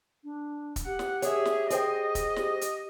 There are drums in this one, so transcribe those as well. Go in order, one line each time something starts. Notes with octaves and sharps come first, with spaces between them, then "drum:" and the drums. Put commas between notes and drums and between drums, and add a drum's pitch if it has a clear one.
D4
drum: kick, hi-hat
G4 F#5
drum: snare
G#4 C#5 E5, drum: hi-hat
drum: snare
G#4 C5 D#5 G5, drum: hi-hat
drum: kick, hi-hat
G4, drum: snare
drum: hi-hat